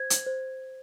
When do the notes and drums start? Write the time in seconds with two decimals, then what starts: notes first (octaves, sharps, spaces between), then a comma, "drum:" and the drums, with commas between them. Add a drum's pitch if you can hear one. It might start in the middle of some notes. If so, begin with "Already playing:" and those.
Already playing: C5 G#6
0.10 drum: hi-hat
0.26 C5